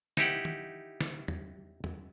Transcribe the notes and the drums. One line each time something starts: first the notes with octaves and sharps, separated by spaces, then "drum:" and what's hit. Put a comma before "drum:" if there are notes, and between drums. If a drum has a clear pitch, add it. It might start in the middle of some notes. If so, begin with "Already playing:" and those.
D#4 E4 G4 F#5, drum: snare
drum: tom D#3
drum: snare
drum: tom
drum: tom